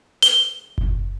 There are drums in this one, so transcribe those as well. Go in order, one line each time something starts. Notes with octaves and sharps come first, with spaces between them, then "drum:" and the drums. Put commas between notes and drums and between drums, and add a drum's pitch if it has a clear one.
G7, drum: hi-hat
drum: kick F#1